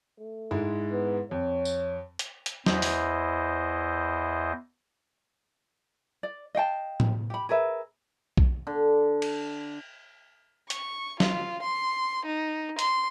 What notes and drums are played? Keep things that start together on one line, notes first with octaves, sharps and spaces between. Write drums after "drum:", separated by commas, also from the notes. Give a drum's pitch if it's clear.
A3
G#2 G#3 E4
B3
F2 C#5
drum: tambourine
drum: hi-hat
drum: hi-hat
E2 E4 C5 D#5, drum: snare
drum: open hi-hat
D5
D#5 F5 G5 A5
drum: tom A2
G4 B5
G#4 A#4 B4 E5
drum: kick B1
D3
drum: cymbal
C#6, drum: hi-hat
F4, drum: snare
C6
D#4
C6, drum: hi-hat